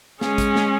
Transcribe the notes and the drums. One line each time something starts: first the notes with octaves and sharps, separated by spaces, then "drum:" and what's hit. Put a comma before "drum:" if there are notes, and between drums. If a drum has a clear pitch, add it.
G#3 C#4 G#4, drum: snare
drum: kick, hi-hat
drum: snare